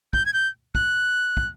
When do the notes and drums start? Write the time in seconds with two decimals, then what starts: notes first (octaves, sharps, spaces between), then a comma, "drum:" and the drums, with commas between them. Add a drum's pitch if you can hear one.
0.13 G6, drum: kick
0.26 G#6
0.33 G6
0.75 F#6, drum: kick
1.37 drum: kick